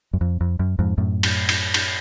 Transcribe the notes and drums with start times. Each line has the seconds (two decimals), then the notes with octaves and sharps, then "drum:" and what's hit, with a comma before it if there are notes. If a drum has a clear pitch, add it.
0.13 F#2
0.21 F2
0.41 F2
0.59 F#2
0.79 F2 G#2
0.98 F#2 A2
1.23 drum: cymbal
1.49 drum: cymbal
1.74 drum: cymbal